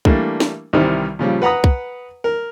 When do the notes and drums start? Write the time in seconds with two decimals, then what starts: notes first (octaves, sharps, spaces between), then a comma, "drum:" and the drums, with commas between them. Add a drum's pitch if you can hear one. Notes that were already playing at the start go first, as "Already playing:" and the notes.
0.05 E3 G3 A3 A#3 D4, drum: kick
0.40 drum: snare
0.73 C2 C3 D#3 E3 G3 E4
1.19 A#2 C#3 F3 G3
1.42 B4 F#5 A#5 B5 D#6
1.64 drum: kick
2.24 A#4